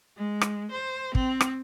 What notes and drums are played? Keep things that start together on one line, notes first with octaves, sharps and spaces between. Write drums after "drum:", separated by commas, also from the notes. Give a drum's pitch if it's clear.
G#3
drum: rim click
C5
C4, drum: kick
drum: rim click